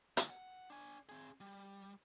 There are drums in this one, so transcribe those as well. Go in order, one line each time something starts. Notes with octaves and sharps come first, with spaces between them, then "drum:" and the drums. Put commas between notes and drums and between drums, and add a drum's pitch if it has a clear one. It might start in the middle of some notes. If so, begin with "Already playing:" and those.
D2 G2, drum: hi-hat
F#5
D4 G#5
C4 G#4
G3